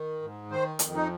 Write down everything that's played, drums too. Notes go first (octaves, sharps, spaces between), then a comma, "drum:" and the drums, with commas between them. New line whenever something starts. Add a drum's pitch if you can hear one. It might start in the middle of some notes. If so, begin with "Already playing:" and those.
Already playing: D#3
G#2
D#3 C5
F2, drum: hi-hat
D#4